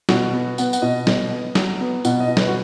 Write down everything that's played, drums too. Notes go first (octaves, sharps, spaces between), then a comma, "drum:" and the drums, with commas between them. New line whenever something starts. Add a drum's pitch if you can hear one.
B2 F#4, drum: snare
B3
B3 F#5, drum: tambourine
F#5, drum: tambourine
B2 D#5
B2, drum: snare
B3
F#3, drum: snare
B3
B2 F#5, drum: tambourine
D#5
B2
B4, drum: snare
F#4